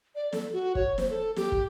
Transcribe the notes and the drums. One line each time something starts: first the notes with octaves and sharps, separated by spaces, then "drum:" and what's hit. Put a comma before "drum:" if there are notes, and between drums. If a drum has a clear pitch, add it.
D5
A4, drum: snare
F#4
C#5, drum: kick
C5, drum: snare
A4
G4, drum: snare
drum: kick